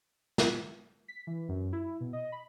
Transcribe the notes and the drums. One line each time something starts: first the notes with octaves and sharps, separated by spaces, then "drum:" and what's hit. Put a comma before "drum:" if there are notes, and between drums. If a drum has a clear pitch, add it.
drum: snare
B6
E3
F#2
E4
B2
D#5
B5